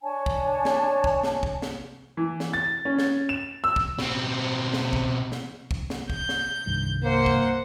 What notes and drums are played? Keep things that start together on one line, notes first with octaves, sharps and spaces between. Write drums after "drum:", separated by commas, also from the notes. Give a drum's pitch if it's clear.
D4 C#5 G#5 A5
drum: kick
drum: snare
drum: kick
drum: snare
drum: kick
drum: snare
E3
drum: snare
A6
C#4
drum: snare
E7
E6
drum: kick
B2 C4, drum: snare
drum: snare
drum: kick
drum: snare
drum: kick
drum: snare
G6, drum: kick
drum: snare
C2 G2 D#3
A#3 C5 F#5
drum: kick